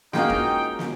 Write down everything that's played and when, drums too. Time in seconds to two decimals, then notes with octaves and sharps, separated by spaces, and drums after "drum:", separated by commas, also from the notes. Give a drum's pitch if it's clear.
0.13 G#3 A#3 C#4 D#4 F4 F#4 G5, drum: snare
0.30 drum: kick F1
0.79 drum: snare